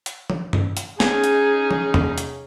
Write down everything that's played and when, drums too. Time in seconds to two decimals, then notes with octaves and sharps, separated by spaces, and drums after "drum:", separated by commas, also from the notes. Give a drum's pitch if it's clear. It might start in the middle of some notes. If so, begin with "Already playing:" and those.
0.06 drum: hi-hat
0.30 drum: tom
0.53 drum: tom G2
0.77 drum: hi-hat
1.00 C#4 D#4 G#4 G#5, drum: snare
1.24 drum: hi-hat
1.71 drum: tom
1.94 drum: tom
2.18 drum: hi-hat